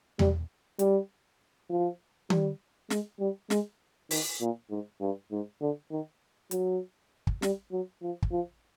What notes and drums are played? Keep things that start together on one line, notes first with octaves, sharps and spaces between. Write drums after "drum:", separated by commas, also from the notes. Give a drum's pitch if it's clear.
G3, drum: tom E2
G3, drum: hi-hat
F3
G3, drum: tom D#3
G#3, drum: snare
G3
G#3, drum: snare
D#3, drum: open hi-hat
A#2
G#2
G2
G#2
D3
D#3
F#3, drum: hi-hat
drum: kick
G3, drum: snare
F#3
F3
drum: kick
F3